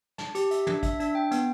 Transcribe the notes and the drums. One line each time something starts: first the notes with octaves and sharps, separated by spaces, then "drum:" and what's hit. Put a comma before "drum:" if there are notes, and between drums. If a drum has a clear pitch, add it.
A5, drum: snare
G4, drum: hi-hat
E5, drum: hi-hat
D4, drum: tom
E5, drum: kick, hi-hat
D4, drum: hi-hat
G5
B3, drum: hi-hat